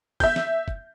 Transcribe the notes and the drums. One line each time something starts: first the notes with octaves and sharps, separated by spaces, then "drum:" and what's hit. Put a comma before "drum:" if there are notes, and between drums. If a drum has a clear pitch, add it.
E5 G6, drum: kick, open hi-hat
drum: snare
drum: kick